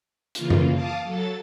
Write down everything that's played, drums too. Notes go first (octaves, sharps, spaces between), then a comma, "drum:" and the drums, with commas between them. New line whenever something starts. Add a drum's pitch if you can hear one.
C#3 E3 A#3 F4, drum: hi-hat
drum: tom F#2
F5 A5 D6 D#6
F#3 A4 A6